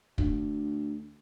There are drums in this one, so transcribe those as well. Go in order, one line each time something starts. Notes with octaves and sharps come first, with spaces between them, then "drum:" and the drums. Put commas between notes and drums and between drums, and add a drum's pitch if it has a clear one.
D2, drum: kick